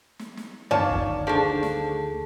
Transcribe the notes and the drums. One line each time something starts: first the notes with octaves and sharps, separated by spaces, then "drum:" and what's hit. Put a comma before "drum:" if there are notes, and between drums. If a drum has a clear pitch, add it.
drum: snare
drum: snare
D2 D#3 F4 C#5 D5 A5, drum: tom
drum: kick
F3 D4 G#4 A4 A5
drum: snare